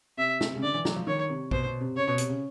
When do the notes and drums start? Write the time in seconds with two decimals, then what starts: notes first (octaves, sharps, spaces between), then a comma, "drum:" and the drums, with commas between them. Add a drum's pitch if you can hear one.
0.18 C3 E5
0.41 C3, drum: snare
0.56 C#3
0.62 D3 D5
0.74 E3
0.85 F#3, drum: snare
0.96 F3
1.07 D#3 C#5
1.30 C3
1.51 B2 C5, drum: kick A#1
1.66 B2
1.81 C3
1.96 C#3 C#5
2.08 B2
2.18 C3, drum: hi-hat
2.30 C#3